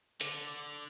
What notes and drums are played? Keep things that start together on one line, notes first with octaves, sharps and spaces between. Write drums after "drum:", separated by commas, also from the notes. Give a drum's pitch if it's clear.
D3 D6, drum: hi-hat
D6